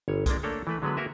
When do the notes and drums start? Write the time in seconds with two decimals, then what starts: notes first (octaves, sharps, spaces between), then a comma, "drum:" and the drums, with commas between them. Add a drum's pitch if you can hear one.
0.08 G1 C#5
0.26 G#3 A#3 D4, drum: kick B1, hi-hat
0.43 A3 A#3 D4 A4 C#5
0.67 E3 A3 B4
0.82 D3 F#3 G#3 B3 B4
0.97 A#3 F#4 A#4 B4 E5 G#5